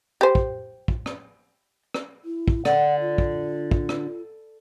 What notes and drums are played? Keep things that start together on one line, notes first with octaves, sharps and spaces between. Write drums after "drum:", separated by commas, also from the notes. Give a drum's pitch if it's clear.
G4 C5
drum: kick
drum: kick
drum: rim click
drum: rim click
E4
drum: kick
D3 F#5, drum: rim click
F4
drum: kick
drum: kick
drum: rim click